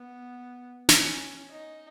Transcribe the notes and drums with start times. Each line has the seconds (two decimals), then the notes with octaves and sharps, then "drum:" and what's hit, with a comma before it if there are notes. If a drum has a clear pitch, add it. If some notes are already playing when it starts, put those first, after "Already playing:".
Already playing: B3
0.89 drum: snare
0.99 C#4
1.52 D#4